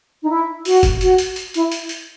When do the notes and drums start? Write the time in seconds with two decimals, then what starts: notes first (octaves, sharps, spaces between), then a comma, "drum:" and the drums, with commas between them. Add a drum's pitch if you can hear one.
0.22 D#4
0.29 E4
0.65 F#4, drum: open hi-hat
0.83 drum: kick, hi-hat
1.01 F#4, drum: hi-hat
1.18 drum: hi-hat
1.36 drum: hi-hat
1.54 E4, drum: hi-hat
1.72 drum: hi-hat
1.89 drum: hi-hat